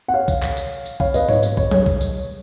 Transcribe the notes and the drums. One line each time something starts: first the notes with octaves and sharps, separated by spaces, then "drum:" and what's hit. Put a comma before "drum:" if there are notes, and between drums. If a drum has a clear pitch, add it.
F#5
C#5 F5
drum: kick, tambourine
drum: clap
drum: tambourine
drum: tambourine
C#5 F5, drum: kick
B4 D#5, drum: tambourine
C#5, drum: tom G#2
C#5, drum: tambourine
C#5, drum: kick
C#5, drum: tom F#3
drum: kick
drum: tambourine